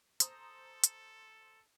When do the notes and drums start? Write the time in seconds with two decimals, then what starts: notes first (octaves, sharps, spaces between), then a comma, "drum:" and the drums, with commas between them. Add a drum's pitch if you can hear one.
0.20 A4 C5 A#5 D#6, drum: hi-hat
0.84 drum: hi-hat